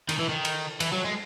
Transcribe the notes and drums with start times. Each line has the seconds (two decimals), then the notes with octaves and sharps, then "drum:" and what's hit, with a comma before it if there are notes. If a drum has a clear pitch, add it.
0.09 D#3, drum: cymbal
0.19 E3
0.29 D#3
0.45 drum: cymbal
0.80 E3, drum: cymbal
0.92 F#3
1.04 G#3